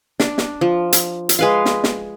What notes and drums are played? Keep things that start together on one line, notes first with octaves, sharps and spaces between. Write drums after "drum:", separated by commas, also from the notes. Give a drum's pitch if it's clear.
D4, drum: snare
drum: snare
F3
drum: hi-hat
drum: hi-hat
G#3 B4 F5
drum: snare
drum: snare